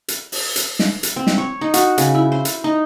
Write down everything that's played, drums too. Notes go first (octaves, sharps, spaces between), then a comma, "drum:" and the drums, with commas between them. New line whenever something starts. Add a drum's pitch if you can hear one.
drum: hi-hat
drum: open hi-hat
drum: hi-hat
drum: snare
drum: hi-hat
C4
drum: snare
C#5
D#4
F#4, drum: hi-hat
C#3, drum: hi-hat
E4
C5
drum: hi-hat
D#4